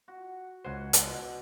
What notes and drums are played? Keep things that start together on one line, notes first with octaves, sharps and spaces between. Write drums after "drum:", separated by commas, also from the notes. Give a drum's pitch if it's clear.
F#4
C#2 C5 F#5 G#5
B2 D3, drum: hi-hat